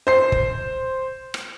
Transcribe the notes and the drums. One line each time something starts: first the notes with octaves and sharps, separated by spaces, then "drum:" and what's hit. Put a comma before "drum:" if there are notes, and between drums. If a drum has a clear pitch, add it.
C5 C7
drum: kick
drum: rim click